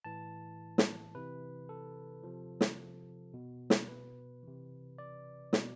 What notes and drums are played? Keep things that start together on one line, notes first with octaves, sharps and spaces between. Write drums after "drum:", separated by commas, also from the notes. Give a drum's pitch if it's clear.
A2 E3 A5
drum: snare
C3 E3 B4
A4
C3 F3
drum: snare
B2
drum: snare
B4
C3 E3
D5
B2, drum: snare